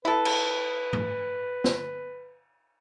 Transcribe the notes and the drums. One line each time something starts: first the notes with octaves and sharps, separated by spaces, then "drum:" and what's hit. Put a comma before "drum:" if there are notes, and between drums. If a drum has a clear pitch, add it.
E4 A4 B4
drum: cymbal
drum: tom
drum: snare